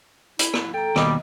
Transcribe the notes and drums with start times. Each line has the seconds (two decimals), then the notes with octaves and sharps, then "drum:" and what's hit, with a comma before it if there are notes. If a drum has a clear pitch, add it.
0.39 E4, drum: hi-hat
0.54 drum: rim click
0.74 A4 G5 A#5
0.96 D#2 B2 G3 D#5, drum: rim click